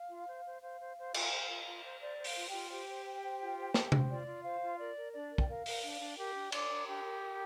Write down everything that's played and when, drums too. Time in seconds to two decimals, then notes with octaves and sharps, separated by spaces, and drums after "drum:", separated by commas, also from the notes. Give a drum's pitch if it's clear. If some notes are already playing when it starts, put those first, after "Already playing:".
Already playing: F5
0.10 F4
0.28 C5
0.45 C5
0.62 C5 F5
0.79 C5
0.97 C5
1.14 F4, drum: cymbal
1.32 C5
1.49 F4
1.66 F4
1.84 C5
2.01 C5 D5
2.19 C5
2.24 F5, drum: open hi-hat
2.36 F4
2.48 G4 G5
2.53 F4
2.70 G4 C5 G5
2.88 C5
3.05 C5
3.23 C5
3.40 F4
3.57 C5
3.74 C5, drum: snare
3.92 C5, drum: tom C3
4.09 F4 D5
4.27 F4
4.44 C5 F5
4.61 F4
4.78 A#4 D5
4.96 A#4
5.13 D4 D5
5.31 A#4
5.38 G5, drum: kick
5.48 A#4 F5
5.66 A#4, drum: open hi-hat
5.83 D4
6.00 D4
6.17 G4 A#4 G5
6.35 D4
6.52 D4 D5 D6, drum: cymbal
6.70 D4
6.87 D4 G4 G5
7.05 A#4
7.22 A#4